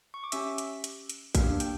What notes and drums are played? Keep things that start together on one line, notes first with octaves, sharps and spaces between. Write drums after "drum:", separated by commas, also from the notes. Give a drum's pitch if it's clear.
C#6
D6
C#4 G4 E5 E6, drum: hi-hat
drum: hi-hat
drum: hi-hat
drum: hi-hat
A#3 D4 G4 F5 F6, drum: kick, hi-hat
G5 G6, drum: hi-hat